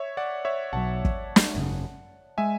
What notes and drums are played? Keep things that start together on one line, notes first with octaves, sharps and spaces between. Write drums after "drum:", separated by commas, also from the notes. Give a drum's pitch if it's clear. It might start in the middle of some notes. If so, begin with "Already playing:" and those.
Already playing: C#5 E5
D5 F#5
C#5 E5
B1 B2 F#3 F#5 A5
drum: kick
drum: snare
G#1 F#2 C#3
G#3 E5 G#5